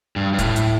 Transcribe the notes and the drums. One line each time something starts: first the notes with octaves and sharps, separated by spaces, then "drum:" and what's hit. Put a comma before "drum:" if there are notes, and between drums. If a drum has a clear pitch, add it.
G2
G2
A2, drum: kick D1, hi-hat
drum: hi-hat